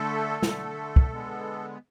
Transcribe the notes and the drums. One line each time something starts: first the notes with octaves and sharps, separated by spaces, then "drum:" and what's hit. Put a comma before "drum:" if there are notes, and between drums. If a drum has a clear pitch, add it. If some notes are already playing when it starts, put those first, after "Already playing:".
Already playing: D3 A3 A4
D3 A3, drum: snare
drum: kick
D3 G#3 B3